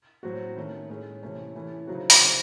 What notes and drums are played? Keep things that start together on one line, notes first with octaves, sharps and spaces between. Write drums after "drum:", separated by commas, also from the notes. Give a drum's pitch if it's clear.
A2 F#3 C4 F#4
D#3 A3 C#4
A2 G#3 C#4
C3 E3 A3 C#4
E3 A3 C#4 E4
C#3 F#3 C4 D#4 F#4
drum: open hi-hat
C#3 F#3 C4 E4